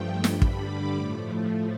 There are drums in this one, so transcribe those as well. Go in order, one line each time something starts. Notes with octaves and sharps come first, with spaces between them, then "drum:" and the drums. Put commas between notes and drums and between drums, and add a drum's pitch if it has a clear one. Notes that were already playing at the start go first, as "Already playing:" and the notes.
Already playing: G2 F3 A3 G5
G2 D3 G3 B5, drum: snare
drum: kick
D6
A2 F3 A3